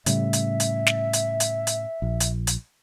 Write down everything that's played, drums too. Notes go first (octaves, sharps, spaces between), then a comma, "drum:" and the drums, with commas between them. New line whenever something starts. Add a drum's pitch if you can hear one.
A2 C#3 G3 E5, drum: hi-hat
drum: hi-hat
drum: hi-hat
drum: snare
drum: hi-hat
drum: hi-hat
drum: hi-hat
A#1
drum: hi-hat
drum: hi-hat